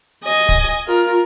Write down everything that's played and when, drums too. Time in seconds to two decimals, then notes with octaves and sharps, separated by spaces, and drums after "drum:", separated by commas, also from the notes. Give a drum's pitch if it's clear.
0.24 D#5 G#5
0.49 drum: kick
0.86 F4 A#4